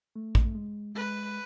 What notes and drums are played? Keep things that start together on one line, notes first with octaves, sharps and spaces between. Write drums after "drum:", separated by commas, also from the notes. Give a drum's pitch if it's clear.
A3
drum: kick
A3
G#3
G#3 B4